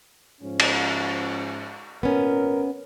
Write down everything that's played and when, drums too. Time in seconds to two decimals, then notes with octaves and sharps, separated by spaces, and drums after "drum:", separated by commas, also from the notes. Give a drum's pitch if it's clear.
0.41 G#2 F3 C#4
0.60 drum: cymbal
2.03 G#1 A#2 B3 C#4 A#4